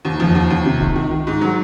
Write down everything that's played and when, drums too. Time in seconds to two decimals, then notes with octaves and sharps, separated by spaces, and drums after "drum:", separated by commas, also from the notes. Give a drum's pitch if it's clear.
0.05 D#2
0.20 F3, drum: tom E2
0.35 D#2
0.50 D#2
0.65 C3
0.80 D#3, drum: kick C2
0.96 D#3
1.11 D#3
1.27 G#2
1.41 F#3